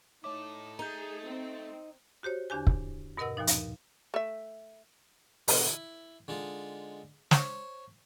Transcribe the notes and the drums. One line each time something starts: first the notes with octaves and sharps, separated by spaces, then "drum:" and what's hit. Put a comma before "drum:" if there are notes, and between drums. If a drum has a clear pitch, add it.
D#4 E4 A4 C#5 D6
A3 D#4 G#4 A#5 G6
C4
F#4 G4 C5 C#5
E2 D3 D4 G4 G#5
drum: kick
G2 B2 A#4 D#5 F#5 E6
D#2 A#2 F3 D#4
drum: hi-hat
A3 E5
B2 D3, drum: open hi-hat
E4
D3 G#3 D#4 F4
C5 C#5, drum: snare